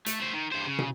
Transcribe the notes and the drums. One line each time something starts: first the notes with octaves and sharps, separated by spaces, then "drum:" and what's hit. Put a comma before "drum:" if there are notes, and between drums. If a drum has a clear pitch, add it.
A3, drum: hi-hat
A3 C5
D#3
G2 C5
C#3
drum: tom